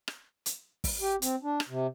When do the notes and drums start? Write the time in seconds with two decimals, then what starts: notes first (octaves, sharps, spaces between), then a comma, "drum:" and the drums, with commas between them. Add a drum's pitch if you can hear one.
0.08 drum: rim click
0.46 drum: hi-hat
0.84 drum: kick, open hi-hat
1.01 G4
1.22 C4, drum: hi-hat
1.43 D4
1.60 drum: rim click
1.69 C3